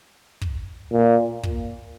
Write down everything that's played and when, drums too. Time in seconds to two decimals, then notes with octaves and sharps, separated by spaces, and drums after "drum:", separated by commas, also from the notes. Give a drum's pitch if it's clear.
0.41 drum: kick
0.92 A#2
1.43 drum: kick